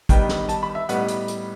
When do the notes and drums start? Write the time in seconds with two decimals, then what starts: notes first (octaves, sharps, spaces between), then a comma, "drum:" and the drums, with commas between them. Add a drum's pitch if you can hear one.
0.09 D#3 G3 B3 D#4 G5, drum: kick, hi-hat
0.29 drum: snare
0.49 A5, drum: hi-hat
0.63 B5
0.75 E5
0.89 A2 G3 B3 D#4 F#5, drum: hi-hat
1.08 drum: hi-hat
1.28 drum: hi-hat